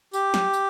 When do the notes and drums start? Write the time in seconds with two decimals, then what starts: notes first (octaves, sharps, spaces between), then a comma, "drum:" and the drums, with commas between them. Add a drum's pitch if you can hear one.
0.13 G4, drum: tambourine
0.34 drum: snare
0.54 drum: tambourine